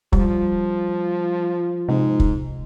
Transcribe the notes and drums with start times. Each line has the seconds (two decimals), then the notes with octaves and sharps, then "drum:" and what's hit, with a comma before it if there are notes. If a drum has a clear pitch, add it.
0.13 F3 G3, drum: kick
1.89 G#2 C3
2.20 drum: kick